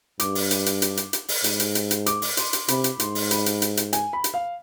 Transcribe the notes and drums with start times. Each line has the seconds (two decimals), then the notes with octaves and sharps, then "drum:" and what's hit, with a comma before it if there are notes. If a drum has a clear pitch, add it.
0.20 G2 D6, drum: hi-hat
0.35 drum: open hi-hat
0.51 drum: hi-hat
0.66 drum: hi-hat
0.82 drum: hi-hat
0.97 drum: hi-hat
1.13 drum: hi-hat
1.29 drum: open hi-hat
1.44 G#2, drum: hi-hat
1.60 drum: hi-hat
1.75 drum: hi-hat
1.91 drum: hi-hat
2.06 D6, drum: hi-hat
2.22 drum: open hi-hat
2.37 C6, drum: hi-hat
2.53 drum: hi-hat
2.68 C3 B5, drum: hi-hat
2.84 drum: hi-hat
3.00 G#2 C6, drum: hi-hat
3.15 drum: open hi-hat
3.31 B5, drum: hi-hat
3.46 drum: hi-hat
3.62 drum: hi-hat
3.77 drum: hi-hat
3.93 G#5, drum: hi-hat
4.13 B5
4.24 drum: hi-hat
4.34 F5